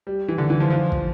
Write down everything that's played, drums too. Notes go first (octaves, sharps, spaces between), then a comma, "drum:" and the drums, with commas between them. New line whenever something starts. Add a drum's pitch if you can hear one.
G3
E3
D3
E3
F3
F3
drum: kick